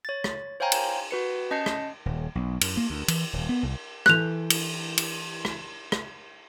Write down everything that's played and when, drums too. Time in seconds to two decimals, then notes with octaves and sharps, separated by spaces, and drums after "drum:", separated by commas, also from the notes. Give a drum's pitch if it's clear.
0.05 C#5 A6
0.24 drum: rim click
0.60 C5 C#5 F5 G5 G#5 A#5
0.72 drum: cymbal
1.11 F#4 B4 C#7
1.51 C#4 D#5 A5 G6 C7 C#7
1.66 drum: rim click
2.06 D#1
2.35 B1
2.61 F#2, drum: cymbal
2.77 A#3
2.90 D2
3.08 E3, drum: cymbal
3.33 D#1
3.49 B3
3.63 C2
4.06 E3 A4 F#6 G6 F7, drum: rim click
4.50 drum: cymbal
4.98 drum: cymbal
5.45 drum: rim click
5.92 drum: rim click